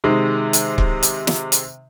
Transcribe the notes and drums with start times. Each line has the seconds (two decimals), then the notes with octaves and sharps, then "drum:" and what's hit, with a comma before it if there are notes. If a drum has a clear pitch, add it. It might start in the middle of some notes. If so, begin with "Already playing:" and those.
0.04 C3 D#3 G#3
0.53 drum: hi-hat
0.78 drum: kick C#1
1.03 drum: hi-hat
1.27 drum: snare
1.52 drum: hi-hat